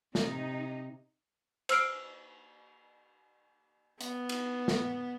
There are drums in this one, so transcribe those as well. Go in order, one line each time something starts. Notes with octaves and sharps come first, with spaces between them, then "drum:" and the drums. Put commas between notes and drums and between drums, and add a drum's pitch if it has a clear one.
C3 D#4, drum: snare
C5 E6 F6 C7 D7, drum: cymbal
B3, drum: hi-hat
drum: cymbal
drum: snare